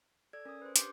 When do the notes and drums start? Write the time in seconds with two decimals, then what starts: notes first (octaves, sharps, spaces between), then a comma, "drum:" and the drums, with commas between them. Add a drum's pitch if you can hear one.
0.33 A4 D5 E6 G#6
0.45 C#4 A#4 D#6
0.62 B4 C5
0.76 D4 G4 C6 D6 G6, drum: hi-hat